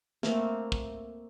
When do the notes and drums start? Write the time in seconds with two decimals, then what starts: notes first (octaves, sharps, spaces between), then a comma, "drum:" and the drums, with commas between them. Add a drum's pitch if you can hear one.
0.23 A3 A#3 C4, drum: snare
0.72 drum: kick